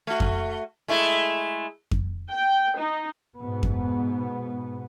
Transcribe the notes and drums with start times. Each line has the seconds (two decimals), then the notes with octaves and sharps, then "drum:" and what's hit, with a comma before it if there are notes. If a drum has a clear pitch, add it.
0.07 A3 F#4
0.20 drum: kick F2
0.88 G#3 A3 E4
1.91 drum: kick F2
2.31 G5
2.77 D#4
3.38 G#2 B2 B3
3.63 drum: kick F2